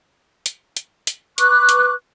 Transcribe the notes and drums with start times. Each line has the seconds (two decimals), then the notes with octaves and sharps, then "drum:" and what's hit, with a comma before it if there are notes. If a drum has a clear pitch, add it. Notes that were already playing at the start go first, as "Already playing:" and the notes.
0.46 drum: hi-hat
0.77 drum: hi-hat
1.07 drum: hi-hat
1.38 B4 C#6 D6 F#6, drum: hi-hat
1.69 drum: hi-hat